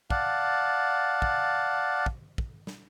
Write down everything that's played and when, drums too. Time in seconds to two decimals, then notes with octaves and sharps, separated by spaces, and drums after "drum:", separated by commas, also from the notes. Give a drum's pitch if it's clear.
0.10 D5 F5 F#5 A5, drum: kick
1.22 drum: kick
2.06 drum: kick
2.38 drum: kick
2.67 drum: snare